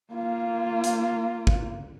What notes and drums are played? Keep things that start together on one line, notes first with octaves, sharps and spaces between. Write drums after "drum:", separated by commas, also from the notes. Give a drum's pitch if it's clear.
A#3 F4
drum: hi-hat
drum: kick